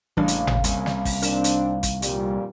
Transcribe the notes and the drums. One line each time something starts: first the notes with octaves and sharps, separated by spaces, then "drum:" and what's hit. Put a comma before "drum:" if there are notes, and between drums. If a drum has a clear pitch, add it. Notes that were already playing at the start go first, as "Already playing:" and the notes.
A1 C#3 E3 G3 A#3 D4 A#4
drum: hi-hat
drum: tom G#1
C2 A#3 C#4, drum: hi-hat
drum: snare
drum: kick, open hi-hat
D#3 A#3 C4 D4 A#4 E7, drum: hi-hat
drum: hi-hat
drum: kick, hi-hat
F2 A#2 G3, drum: hi-hat